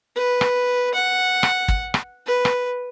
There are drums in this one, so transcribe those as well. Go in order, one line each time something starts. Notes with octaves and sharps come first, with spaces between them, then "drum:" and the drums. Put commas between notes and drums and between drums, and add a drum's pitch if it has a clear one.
B4
drum: rim click
F#5
drum: rim click
drum: kick
drum: rim click
B4
drum: rim click